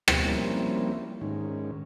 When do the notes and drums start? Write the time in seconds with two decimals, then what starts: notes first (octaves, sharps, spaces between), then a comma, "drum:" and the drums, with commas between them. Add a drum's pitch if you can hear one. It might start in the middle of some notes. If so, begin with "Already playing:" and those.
0.08 F2 B2 B3, drum: rim click
0.25 F3 G3 A#3 C4 C#4 E4
1.21 G#2 D#3 C#4